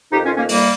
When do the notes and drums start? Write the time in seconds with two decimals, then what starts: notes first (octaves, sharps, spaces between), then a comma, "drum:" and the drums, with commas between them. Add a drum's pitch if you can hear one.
0.12 F2 D#3 D#4 G4
0.24 C#4 F4
0.37 A#3 C#4
0.49 G3 A#3, drum: open hi-hat